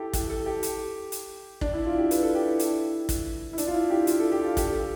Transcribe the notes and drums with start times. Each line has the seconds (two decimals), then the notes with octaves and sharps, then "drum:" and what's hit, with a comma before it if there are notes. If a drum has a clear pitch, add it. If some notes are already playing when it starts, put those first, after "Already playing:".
Already playing: E4 G4 A4
0.13 G4, drum: kick, hi-hat
0.30 A4
0.46 G4
0.63 drum: hi-hat
1.12 drum: hi-hat
1.61 D4, drum: kick
1.73 E4
1.86 F4
1.98 G4
2.11 B4, drum: hi-hat
2.23 A4
2.35 G4
2.47 E4
2.59 drum: hi-hat
3.09 drum: kick, hi-hat
3.53 E4
3.58 D4, drum: hi-hat
3.67 F4
3.74 E4
3.90 G4
4.07 F4, drum: hi-hat
4.20 A4
4.32 G4
4.44 F4
4.57 G4, drum: kick, hi-hat
4.72 A4